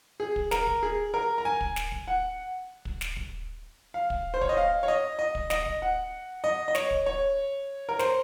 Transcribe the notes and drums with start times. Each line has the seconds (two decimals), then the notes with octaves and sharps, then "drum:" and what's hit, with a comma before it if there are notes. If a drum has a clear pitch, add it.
0.20 G#4
0.36 drum: kick
0.51 A#4, drum: snare
0.67 drum: kick
0.83 G#4
1.14 A#4
1.38 A#5
1.45 G#5
1.61 drum: kick
1.76 drum: snare
1.92 drum: kick
2.08 F#5
2.85 drum: kick
3.01 drum: snare
3.16 drum: kick
3.94 F5
4.10 drum: kick
4.34 C5
4.41 C#5, drum: kick
4.49 D#5
4.57 F5
4.83 C#5
4.88 D#5
5.19 D#5
5.35 drum: kick
5.50 D#5, drum: snare
5.66 drum: kick
5.82 F#5
6.44 D#5
6.68 D#5
6.75 C#5, drum: snare
6.91 drum: kick
7.06 C#5
7.89 A#4
7.99 C5, drum: snare